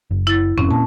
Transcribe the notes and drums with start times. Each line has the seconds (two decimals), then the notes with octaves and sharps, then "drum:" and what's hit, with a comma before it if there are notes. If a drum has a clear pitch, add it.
0.11 F#1
0.27 E4 A6
0.58 F1 C4 C#4, drum: tom
0.71 A#2 A5